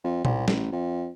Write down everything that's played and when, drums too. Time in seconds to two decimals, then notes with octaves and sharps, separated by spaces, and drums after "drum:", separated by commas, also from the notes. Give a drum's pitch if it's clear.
0.04 F2
0.25 C2, drum: tom A#2
0.48 A1, drum: snare
0.72 F2